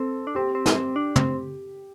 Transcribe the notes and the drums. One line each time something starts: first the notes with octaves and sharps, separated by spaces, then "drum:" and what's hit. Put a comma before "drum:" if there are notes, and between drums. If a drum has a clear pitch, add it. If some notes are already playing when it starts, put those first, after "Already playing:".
Already playing: C4 A4
D4
C4 G4
C4
drum: snare
C4
D4
C4, drum: tom